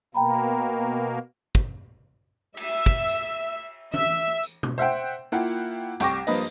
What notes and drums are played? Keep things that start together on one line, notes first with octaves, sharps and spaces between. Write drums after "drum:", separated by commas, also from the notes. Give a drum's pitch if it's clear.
B2 A#3 G5 A#5 B5
drum: kick
E5, drum: cymbal
drum: kick
drum: tambourine
E5, drum: tom
drum: tambourine
drum: tom B2
C5 E5 F#5 G5
A#3 E4 F4 F#5 G5
C2 G5 C#6 D6 A#6, drum: hi-hat
G2 F3 A#3 B4 D#5, drum: open hi-hat